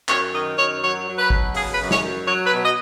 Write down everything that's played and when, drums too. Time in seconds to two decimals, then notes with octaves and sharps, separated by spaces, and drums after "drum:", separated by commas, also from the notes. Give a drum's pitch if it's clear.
0.09 F#2 C#5, drum: clap
0.33 D#3 D#5
0.57 F#2 C#5
0.81 F#3 C#5
1.06 F#3
1.18 B4
1.30 B2, drum: kick G#1
1.54 C#3 G#4, drum: open hi-hat
1.73 B4
1.78 F#2
1.91 C#5, drum: snare
2.02 F#2
2.26 F#3 C#5
2.45 B4
2.50 B2
2.63 D#5